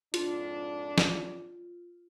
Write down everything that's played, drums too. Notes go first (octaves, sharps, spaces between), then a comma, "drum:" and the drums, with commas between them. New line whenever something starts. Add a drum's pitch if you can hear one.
F2 G#2 D4 F4, drum: hi-hat
drum: snare